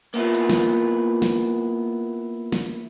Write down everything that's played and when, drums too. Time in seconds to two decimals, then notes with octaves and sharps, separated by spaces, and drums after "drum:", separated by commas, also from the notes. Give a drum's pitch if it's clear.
0.14 A#3 B3 E4 F4, drum: hi-hat
0.34 drum: hi-hat
0.50 drum: snare
1.22 drum: snare
2.52 drum: snare